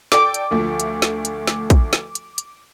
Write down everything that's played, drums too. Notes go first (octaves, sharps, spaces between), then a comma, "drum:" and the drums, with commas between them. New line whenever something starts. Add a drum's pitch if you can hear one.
A4 D5 G5 D6, drum: snare
drum: hi-hat
D2 F3 A3
drum: hi-hat
drum: snare
drum: hi-hat
drum: snare
drum: kick, hi-hat
drum: snare
drum: hi-hat
drum: hi-hat